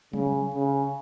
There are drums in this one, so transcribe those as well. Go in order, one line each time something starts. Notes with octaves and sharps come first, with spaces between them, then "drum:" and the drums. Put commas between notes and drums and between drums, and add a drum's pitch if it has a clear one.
C#3, drum: tom F#3
C#3